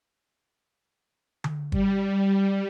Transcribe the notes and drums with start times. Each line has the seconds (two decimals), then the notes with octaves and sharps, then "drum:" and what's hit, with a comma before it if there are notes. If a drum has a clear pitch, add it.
1.44 drum: tom D3
1.72 G3, drum: kick